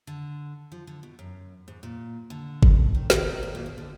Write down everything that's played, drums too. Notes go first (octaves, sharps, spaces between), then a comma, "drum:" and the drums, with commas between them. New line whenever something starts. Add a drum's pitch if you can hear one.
D3
F3
D3
B2
F#2
G#2
A#2
D3
drum: kick G1
D#3
D#3, drum: snare
G#2
A#2
B2
D3